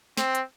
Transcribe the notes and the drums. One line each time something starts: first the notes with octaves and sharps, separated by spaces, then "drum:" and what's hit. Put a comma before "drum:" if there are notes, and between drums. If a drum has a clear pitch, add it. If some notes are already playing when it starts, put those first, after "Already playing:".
C4, drum: snare
drum: hi-hat